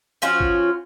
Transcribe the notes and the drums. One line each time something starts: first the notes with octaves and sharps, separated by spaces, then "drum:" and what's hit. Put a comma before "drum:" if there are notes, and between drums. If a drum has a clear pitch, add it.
F3 C#4 F4 F#4
drum: kick